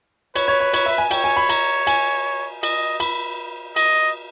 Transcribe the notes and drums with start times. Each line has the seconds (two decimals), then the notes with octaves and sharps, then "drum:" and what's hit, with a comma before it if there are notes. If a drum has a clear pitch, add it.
0.36 B4 C#5, drum: cymbal
0.48 C#5
0.60 C#5
0.74 C#5, drum: cymbal
0.86 E5
0.98 G#5
1.11 C#5 G5, drum: cymbal
1.24 G#5
1.36 B5
1.49 A#5, drum: cymbal
1.87 G#5, drum: cymbal
2.63 D#5, drum: cymbal
3.00 B5, drum: cymbal
3.76 D#5, drum: cymbal